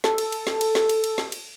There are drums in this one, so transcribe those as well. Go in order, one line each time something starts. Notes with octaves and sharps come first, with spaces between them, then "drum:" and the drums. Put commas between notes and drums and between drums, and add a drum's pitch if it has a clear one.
A4, drum: snare
drum: cymbal
drum: cymbal
drum: snare
drum: cymbal
drum: snare
drum: cymbal
drum: cymbal
drum: snare
drum: cymbal